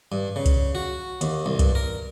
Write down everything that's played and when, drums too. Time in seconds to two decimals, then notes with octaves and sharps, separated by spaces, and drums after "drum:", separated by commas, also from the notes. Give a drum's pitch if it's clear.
0.12 G2
0.36 C#3
0.46 drum: kick C2, hi-hat
0.75 F#4
1.21 D#2, drum: hi-hat
1.46 C2
1.59 G2, drum: kick C2, hi-hat
1.75 A#4